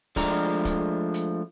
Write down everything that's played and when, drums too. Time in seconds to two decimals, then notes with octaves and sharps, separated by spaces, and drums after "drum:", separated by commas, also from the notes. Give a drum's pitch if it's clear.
0.16 F3 G#3 A3 D4 D5 A#5, drum: kick, hi-hat
0.65 drum: kick, hi-hat
1.14 drum: hi-hat